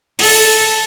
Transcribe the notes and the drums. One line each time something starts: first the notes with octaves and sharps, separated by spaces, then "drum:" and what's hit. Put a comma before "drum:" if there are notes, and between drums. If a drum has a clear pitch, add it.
A4, drum: open hi-hat